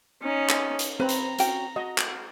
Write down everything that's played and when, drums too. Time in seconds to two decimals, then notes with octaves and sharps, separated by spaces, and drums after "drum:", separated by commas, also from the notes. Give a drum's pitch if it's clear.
0.22 C#4 D#4
0.49 drum: clap
0.79 drum: hi-hat
1.00 C4 B4 A#5 B5
1.09 drum: hi-hat
1.39 C#4 F#4 G5, drum: hi-hat
1.76 F#4 D#5
1.98 drum: clap